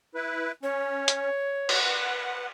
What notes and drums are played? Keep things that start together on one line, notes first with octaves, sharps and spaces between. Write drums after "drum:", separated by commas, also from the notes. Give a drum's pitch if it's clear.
E4 B4
C#4 C#5
drum: hi-hat
B4 F#5, drum: cymbal